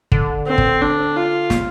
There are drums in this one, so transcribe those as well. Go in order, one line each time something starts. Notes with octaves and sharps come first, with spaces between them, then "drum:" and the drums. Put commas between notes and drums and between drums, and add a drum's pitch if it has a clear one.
D3, drum: kick G1
C4
drum: kick G1
D4
F4
C3, drum: snare